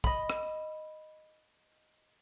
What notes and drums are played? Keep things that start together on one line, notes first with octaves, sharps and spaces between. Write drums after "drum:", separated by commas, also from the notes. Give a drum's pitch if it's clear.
D#5 B5, drum: kick
drum: rim click